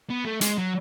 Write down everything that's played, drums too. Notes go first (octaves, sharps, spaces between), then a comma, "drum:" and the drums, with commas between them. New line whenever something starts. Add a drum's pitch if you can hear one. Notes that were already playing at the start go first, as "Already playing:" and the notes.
B3
A3
G#3, drum: hi-hat
F#3